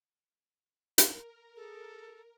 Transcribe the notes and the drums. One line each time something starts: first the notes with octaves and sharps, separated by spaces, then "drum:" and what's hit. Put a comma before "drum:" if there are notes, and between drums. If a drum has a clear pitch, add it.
A#4, drum: hi-hat
G#4 A4